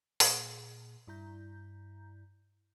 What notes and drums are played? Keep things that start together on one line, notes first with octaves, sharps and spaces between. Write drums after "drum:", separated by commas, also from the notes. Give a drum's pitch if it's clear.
A#2 G#4, drum: open hi-hat
G2 E4 A#5 G6